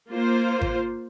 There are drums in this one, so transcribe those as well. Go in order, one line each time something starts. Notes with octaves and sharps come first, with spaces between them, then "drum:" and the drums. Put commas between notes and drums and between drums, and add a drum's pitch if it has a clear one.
A#3 F4 C5
drum: kick G#1